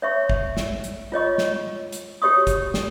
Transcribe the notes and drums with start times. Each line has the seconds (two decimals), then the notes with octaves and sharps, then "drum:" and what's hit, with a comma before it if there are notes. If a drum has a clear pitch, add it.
0.02 C#5 E5 C#6
0.30 drum: kick
0.57 drum: snare
0.84 drum: hi-hat
1.12 F4 C#5 D#5 C#6
1.38 drum: snare
1.93 drum: hi-hat
2.22 F#4 G4 C#5 C#6 D#6
2.47 drum: kick, hi-hat
2.74 drum: snare